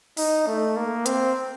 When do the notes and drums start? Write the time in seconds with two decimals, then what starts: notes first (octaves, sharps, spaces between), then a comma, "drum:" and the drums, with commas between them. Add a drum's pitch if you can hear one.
0.17 D#4, drum: open hi-hat
0.47 A3
0.76 A#3
1.06 C4, drum: hi-hat